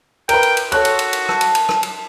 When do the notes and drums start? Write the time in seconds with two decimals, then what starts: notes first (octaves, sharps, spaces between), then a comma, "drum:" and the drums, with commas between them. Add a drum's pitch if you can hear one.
0.29 A#4 B4 G5, drum: cymbal
0.43 drum: cymbal
0.57 drum: cymbal
0.72 F#4 A4 C#5 F#6, drum: cymbal
0.85 drum: cymbal
0.99 drum: cymbal
1.13 drum: cymbal
1.29 A5, drum: rim click
1.41 drum: cymbal
1.55 drum: cymbal
1.69 drum: rim click
1.83 drum: cymbal